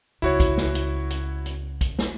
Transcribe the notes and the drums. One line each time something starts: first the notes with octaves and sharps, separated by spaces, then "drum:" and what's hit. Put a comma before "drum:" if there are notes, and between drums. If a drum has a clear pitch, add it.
C#2 E4 F#4 C#5
drum: kick, hi-hat
drum: snare
drum: hi-hat
drum: hi-hat
drum: hi-hat
drum: kick, hi-hat
drum: snare